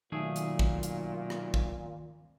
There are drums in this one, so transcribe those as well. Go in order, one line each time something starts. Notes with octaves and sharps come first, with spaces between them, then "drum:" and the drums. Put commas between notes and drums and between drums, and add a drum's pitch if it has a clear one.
B1 A#2 D#3 A3 G#4
drum: hi-hat
drum: kick
drum: hi-hat
drum: rim click
drum: kick